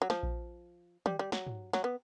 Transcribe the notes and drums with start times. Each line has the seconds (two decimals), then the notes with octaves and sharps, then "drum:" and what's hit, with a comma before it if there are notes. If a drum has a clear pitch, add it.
0.02 F#3
0.10 F3, drum: snare
0.23 drum: kick A#1
1.06 G3, drum: tom
1.19 G3
1.32 F#3, drum: snare
1.47 drum: tom
1.73 F#3, drum: snare
1.84 B3